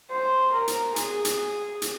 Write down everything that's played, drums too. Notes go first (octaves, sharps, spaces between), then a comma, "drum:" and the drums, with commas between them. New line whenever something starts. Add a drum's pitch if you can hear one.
C5
A#4
drum: hi-hat
G#4, drum: hi-hat
drum: hi-hat
drum: hi-hat